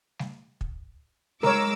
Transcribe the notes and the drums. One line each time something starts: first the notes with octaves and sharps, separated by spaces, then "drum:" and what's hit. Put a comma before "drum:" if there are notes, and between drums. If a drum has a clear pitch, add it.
drum: snare G3
drum: kick
G#3 A#4 C#5 D6 E6, drum: snare G3